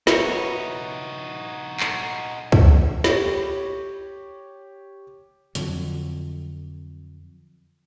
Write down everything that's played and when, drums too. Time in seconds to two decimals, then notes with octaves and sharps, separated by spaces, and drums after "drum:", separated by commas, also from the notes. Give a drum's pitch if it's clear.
0.07 D#4 F#4 A#4 B4 C#5 E5, drum: snare
1.80 drum: clap
2.52 drum: kick
3.04 G4 C#5, drum: snare
5.55 F2 D3 F#3, drum: hi-hat